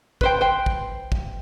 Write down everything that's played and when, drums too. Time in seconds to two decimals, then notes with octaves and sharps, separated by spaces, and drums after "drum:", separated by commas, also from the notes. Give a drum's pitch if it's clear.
0.21 B4 C5 G5, drum: kick
0.41 C5 G5
0.66 drum: kick
1.12 drum: kick